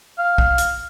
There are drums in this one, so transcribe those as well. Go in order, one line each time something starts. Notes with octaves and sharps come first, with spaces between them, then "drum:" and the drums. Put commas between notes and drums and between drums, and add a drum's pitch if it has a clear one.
F5
drum: kick
drum: hi-hat